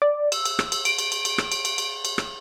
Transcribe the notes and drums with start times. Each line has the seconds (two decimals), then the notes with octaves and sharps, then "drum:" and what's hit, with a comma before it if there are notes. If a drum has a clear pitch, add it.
0.02 D5
0.32 E6, drum: cymbal
0.45 drum: cymbal
0.59 drum: rim click
0.72 drum: cymbal
0.85 D7, drum: cymbal
0.98 drum: cymbal
1.12 drum: cymbal
1.25 drum: cymbal
1.38 drum: rim click
1.52 drum: cymbal
1.65 drum: cymbal
1.78 drum: cymbal
2.05 drum: cymbal
2.18 drum: rim click